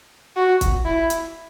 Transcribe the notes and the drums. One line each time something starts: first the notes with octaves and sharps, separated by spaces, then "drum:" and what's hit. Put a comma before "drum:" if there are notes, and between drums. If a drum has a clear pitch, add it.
F#4
drum: kick, hi-hat
E4
drum: hi-hat